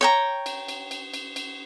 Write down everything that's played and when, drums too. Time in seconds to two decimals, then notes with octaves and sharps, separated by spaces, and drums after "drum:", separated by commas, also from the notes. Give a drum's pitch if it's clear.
0.01 C#5 G5 A#5
0.46 drum: cymbal
0.68 drum: cymbal
0.91 drum: cymbal
1.14 drum: cymbal
1.36 drum: cymbal